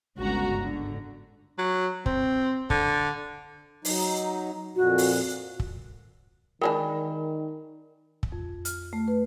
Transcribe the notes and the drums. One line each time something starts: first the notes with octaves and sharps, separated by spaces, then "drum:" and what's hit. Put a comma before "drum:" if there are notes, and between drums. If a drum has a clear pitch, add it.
G1 C#2 F#4 A#5
G#2 D3
F#3
C4, drum: kick
D3, drum: kick
F#3 D#4, drum: open hi-hat
F2 A#2 F#4
drum: open hi-hat
drum: kick
D#3 E3 G#3 D4 A#4 D5 G5 B5
drum: kick
F2
F6, drum: hi-hat
A3
B4